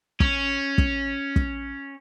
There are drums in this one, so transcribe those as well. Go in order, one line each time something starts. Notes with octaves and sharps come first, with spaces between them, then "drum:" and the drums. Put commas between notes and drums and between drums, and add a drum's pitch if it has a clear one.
C#4, drum: kick
drum: kick
drum: kick